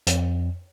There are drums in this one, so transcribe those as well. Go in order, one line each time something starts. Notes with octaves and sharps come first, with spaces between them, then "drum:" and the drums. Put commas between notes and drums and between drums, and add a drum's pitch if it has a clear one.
F2, drum: hi-hat